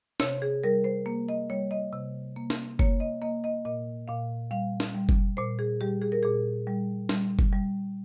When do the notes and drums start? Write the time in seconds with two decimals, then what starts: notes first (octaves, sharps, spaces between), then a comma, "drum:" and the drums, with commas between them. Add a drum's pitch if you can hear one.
0.20 C3 C#5, drum: snare
0.42 G#4
0.64 G3 A#4
0.84 C5
1.06 A#3
1.29 D#5
1.50 G3 C#5
1.71 D#5
1.93 C3
2.36 A#3
2.50 drum: snare
2.79 A#3 C#5, drum: kick F#1
3.00 D#5
3.22 A#3 D#5
3.44 D#5
3.65 A#2 D#5
4.08 A#2 F5
4.51 G3 F5
4.80 drum: snare
4.95 G3
5.09 drum: kick F#1
5.37 A#2 C5
5.59 G#4
5.81 G3 G4
6.02 G#4
6.12 A#4
6.23 A#2 G#4
6.67 G3
7.09 G3, drum: snare
7.39 drum: kick F#1
7.53 G3